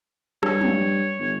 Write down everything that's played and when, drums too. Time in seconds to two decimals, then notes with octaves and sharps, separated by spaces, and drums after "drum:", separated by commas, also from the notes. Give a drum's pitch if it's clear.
0.43 G2 C#5, drum: rim click
0.61 drum: tom
1.19 G1